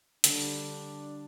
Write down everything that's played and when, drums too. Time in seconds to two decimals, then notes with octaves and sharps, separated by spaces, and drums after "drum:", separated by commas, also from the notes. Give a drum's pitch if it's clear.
0.24 D3 G3 D4, drum: hi-hat